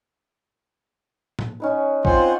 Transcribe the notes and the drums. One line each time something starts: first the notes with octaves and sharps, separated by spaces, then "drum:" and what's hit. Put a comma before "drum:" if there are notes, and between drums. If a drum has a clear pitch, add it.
drum: tom A2
C#4 D#4 B4
C4 F4 C5 F#5 G#5, drum: kick